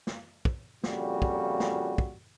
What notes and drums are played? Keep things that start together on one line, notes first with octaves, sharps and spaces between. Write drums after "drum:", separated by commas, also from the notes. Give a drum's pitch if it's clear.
drum: snare
drum: kick
F2 A#2 C#3 G3 F#4, drum: snare
drum: kick
drum: snare
drum: kick